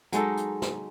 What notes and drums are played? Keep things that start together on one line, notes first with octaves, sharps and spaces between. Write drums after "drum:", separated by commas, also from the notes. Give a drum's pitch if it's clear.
F#3 G#3 D#4 A4, drum: hi-hat
drum: hi-hat
drum: snare